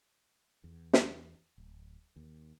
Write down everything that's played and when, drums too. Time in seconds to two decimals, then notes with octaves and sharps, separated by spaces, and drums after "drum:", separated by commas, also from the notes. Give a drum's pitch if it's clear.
0.64 E2
0.93 drum: snare
1.58 D1
2.16 D#2